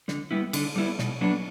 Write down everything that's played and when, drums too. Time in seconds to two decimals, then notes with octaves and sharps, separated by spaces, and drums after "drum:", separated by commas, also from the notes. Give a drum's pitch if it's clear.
0.08 D3, drum: snare
0.31 G3 B3 E4
0.53 D3, drum: cymbal
0.76 G3 B3 E4
0.99 B2, drum: snare
1.21 F#3 B3 D4